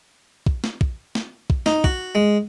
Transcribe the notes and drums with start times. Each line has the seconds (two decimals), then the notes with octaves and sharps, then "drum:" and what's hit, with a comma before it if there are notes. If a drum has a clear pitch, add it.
0.46 drum: kick
0.64 drum: snare
0.81 drum: kick
1.15 drum: snare
1.50 drum: kick
1.66 D#4, drum: snare
1.84 F#4, drum: kick
2.15 G#3